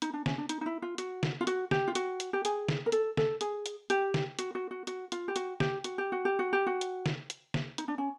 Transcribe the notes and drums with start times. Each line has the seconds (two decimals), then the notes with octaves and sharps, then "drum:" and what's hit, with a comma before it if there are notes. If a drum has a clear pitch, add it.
0.02 D#4, drum: hi-hat
0.14 D4
0.26 C#4, drum: snare
0.38 D4
0.49 D#4, drum: hi-hat
0.61 D#4
0.66 E4
0.82 F4
0.98 F#4, drum: hi-hat
1.23 drum: snare
1.41 F4
1.47 F#4, drum: hi-hat
1.71 G4, drum: snare
1.88 F4
1.95 F#4, drum: hi-hat
2.20 drum: hi-hat
2.33 G4
2.45 G#4, drum: hi-hat
2.68 drum: snare
2.86 A#4
2.92 A4, drum: hi-hat
3.17 A4, drum: snare
3.41 G#4, drum: hi-hat
3.66 drum: hi-hat
3.90 G4, drum: hi-hat
4.14 drum: snare
4.39 F#4, drum: hi-hat
4.55 F#4
4.71 F#4
4.87 F#4, drum: hi-hat
5.12 F4, drum: hi-hat
5.28 G4
5.36 F#4, drum: hi-hat
5.60 G4, drum: snare
5.84 F#4, drum: hi-hat
5.98 G4
6.12 F#4
6.25 G4
6.39 F#4
6.53 G4
6.67 F#4
6.81 drum: hi-hat
7.06 drum: snare
7.30 drum: hi-hat
7.54 drum: snare
7.78 D#4, drum: hi-hat
7.88 D4
7.98 C#4